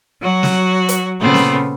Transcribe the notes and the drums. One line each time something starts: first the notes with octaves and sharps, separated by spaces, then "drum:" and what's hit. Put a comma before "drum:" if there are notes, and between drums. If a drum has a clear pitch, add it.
F#3 F#4
drum: snare
drum: hi-hat
A#2 C#3 A3 B3 C4
drum: snare